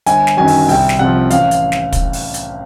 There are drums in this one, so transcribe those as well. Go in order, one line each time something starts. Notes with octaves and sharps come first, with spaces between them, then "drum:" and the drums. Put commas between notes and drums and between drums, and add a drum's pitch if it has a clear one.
G1 G#5, drum: hi-hat
drum: snare
F#2 D#3 F#3 G#5
drum: open hi-hat
C2 G5, drum: open hi-hat
drum: snare
C3 F#5
F3
A1 F5, drum: hi-hat
drum: hi-hat
drum: snare
drum: kick, hi-hat
drum: open hi-hat
drum: hi-hat